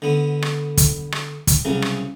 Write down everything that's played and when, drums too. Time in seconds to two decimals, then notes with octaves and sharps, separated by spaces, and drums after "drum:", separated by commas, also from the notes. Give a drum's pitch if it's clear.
0.02 D3 B3
0.42 drum: rim click
0.77 drum: kick, hi-hat
1.12 drum: rim click
1.47 drum: kick, hi-hat
1.65 C2 C#3 F#3
1.82 drum: rim click